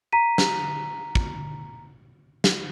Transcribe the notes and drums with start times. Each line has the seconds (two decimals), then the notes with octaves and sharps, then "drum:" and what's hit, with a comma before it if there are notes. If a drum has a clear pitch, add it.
0.12 A#5 B6 D#7
0.38 drum: snare
1.15 drum: kick
2.44 drum: snare